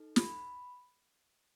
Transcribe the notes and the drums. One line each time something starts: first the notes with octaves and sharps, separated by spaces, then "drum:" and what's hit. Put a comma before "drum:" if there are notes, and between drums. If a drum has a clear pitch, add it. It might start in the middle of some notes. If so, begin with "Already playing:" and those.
Already playing: D#4 A4
B5, drum: snare